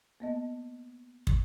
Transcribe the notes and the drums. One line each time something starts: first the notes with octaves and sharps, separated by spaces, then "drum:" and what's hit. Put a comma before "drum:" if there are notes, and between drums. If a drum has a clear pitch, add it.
A#3 B3 D#5
drum: kick